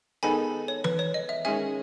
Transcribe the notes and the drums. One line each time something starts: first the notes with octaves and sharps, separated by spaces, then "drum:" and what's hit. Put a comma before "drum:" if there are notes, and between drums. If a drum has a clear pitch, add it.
D#3 G#3 B3 D#4 A4 G#5 B5
C#5
B4, drum: tom E3
C#5
D#5
E5
D#3 G#3 C#4 G#4 E5 G#5